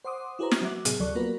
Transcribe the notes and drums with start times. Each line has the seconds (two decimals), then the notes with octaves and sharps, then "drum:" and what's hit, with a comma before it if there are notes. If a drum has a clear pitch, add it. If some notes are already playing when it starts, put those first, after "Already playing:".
0.05 C5 F#5 C6 D6 D#6
0.39 E4 F#4 G#4 B4 C5 A#5
0.52 drum: snare
0.61 F#3 F#4 E5 D6
0.85 A2 C3 B3 G#4, drum: hi-hat
0.99 D2 F#3 A4 D5 C#6
1.15 A#3 B3 F4 F#4 A#4 B4